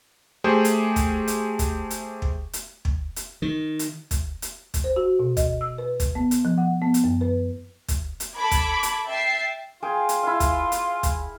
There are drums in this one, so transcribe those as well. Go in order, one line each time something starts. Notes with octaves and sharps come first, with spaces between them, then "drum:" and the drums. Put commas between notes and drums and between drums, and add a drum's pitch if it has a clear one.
A3 G4 G#4 C5
drum: hi-hat
drum: kick, hi-hat
drum: hi-hat
drum: kick, hi-hat
drum: hi-hat
drum: kick
drum: hi-hat
drum: kick
drum: hi-hat
D#3
drum: hi-hat
drum: kick, hi-hat
drum: hi-hat
drum: kick, hi-hat
C5
F#4
B2
D#5, drum: kick, hi-hat
E6
B4
drum: kick, hi-hat
B3
drum: hi-hat
F3
F#5
B3
drum: hi-hat
F#2
B4
drum: kick, hi-hat
drum: hi-hat
A4 B5 D6 G#6
drum: kick, hi-hat
drum: hi-hat
E5 G5 A6 C7
F4 G#4 G5 G#5
drum: hi-hat
E4 F5
drum: kick, hi-hat
drum: hi-hat
drum: kick, hi-hat